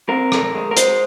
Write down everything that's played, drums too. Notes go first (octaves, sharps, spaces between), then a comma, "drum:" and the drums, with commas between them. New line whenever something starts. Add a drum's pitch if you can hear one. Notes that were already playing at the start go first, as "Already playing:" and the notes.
C4 A#4
F2, drum: rim click
G#3
A#4
G#3 C5, drum: hi-hat